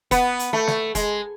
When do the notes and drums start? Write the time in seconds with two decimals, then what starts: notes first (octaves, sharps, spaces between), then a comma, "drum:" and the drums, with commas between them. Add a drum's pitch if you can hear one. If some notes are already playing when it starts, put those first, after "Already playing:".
0.11 B3, drum: kick, hi-hat
0.39 drum: hi-hat
0.53 A3
0.67 drum: snare
0.95 G#3, drum: kick, hi-hat